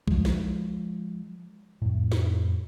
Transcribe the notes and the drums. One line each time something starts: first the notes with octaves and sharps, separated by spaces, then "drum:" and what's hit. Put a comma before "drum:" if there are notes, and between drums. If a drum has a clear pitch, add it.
F3 G#3, drum: kick B1
drum: snare
F2 A2
drum: snare